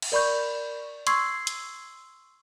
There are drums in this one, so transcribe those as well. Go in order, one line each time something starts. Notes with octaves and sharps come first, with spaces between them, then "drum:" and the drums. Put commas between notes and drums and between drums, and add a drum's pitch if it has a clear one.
drum: cymbal
A#4 D5 B5 C#6 G6
C6 C#6 E6 G#6 C7, drum: hi-hat
drum: hi-hat